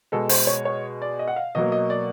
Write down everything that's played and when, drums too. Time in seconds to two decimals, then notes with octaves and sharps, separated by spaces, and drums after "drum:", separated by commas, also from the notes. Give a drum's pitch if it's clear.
0.12 B2 G#3 A4
0.29 C5, drum: open hi-hat
0.47 C#5
0.65 C#5
1.02 D5
1.19 D#5
1.28 F#5
1.36 F5
1.55 B2 F#3 A#3 D#5
1.72 D#5
1.90 D5